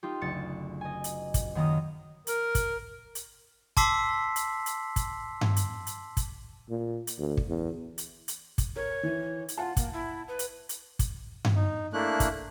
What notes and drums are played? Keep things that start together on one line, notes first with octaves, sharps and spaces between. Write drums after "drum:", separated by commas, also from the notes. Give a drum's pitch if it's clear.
D#4 F4 G4
F#1 D2 A6 C#7
D#5 G#5
drum: hi-hat
drum: kick, hi-hat
F#2 D#3 A#3 A#5 D#6
A#4, drum: hi-hat
drum: kick, hi-hat
drum: hi-hat
A5 C6 D6 E6 B6 C7, drum: kick, hi-hat
drum: hi-hat
drum: hi-hat
drum: kick, hi-hat
drum: tom G2
drum: hi-hat
drum: hi-hat
drum: kick, hi-hat
A#2
drum: hi-hat
D2
drum: kick
E2
drum: hi-hat
drum: hi-hat
drum: kick, hi-hat
A#4 C#5
E3
drum: hi-hat
F4 F#5 A5
A#3, drum: kick, hi-hat
E4
B4
drum: hi-hat
drum: hi-hat
drum: kick, hi-hat
drum: tom G2
D#4
A3 A#3 D4 E4 F#6
drum: kick, hi-hat